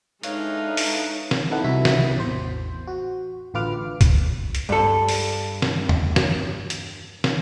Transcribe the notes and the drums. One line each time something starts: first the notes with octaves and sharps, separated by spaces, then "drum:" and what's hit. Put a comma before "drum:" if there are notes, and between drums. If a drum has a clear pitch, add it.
A2 G#3 D4 D#4 B4 C#5 F5, drum: hi-hat
drum: open hi-hat
drum: snare
B3 D#4 E4 A4 F#5
C2 C3 E4 F#4 B6
drum: snare
A1 E2 C5
F#4
A1 D3 F4 B4 D6 F6
drum: kick, hi-hat
drum: hi-hat
G2 A4
drum: open hi-hat
drum: snare
drum: tom
drum: snare
drum: hi-hat
drum: snare